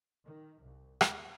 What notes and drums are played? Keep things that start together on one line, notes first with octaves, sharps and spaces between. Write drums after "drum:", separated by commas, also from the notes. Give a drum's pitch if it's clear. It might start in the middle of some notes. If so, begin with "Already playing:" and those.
D#3
C2
D#2, drum: rim click